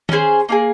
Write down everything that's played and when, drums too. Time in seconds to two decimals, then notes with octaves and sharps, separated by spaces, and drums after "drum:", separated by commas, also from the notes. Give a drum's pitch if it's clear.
0.09 C#4 E4 G#4 C5, drum: tom
0.49 A#3 D#4 G#4